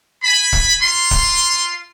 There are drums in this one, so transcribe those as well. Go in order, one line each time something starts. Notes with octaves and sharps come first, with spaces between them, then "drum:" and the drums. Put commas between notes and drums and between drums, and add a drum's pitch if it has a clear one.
G#5 B5
drum: kick
F4 C6
drum: kick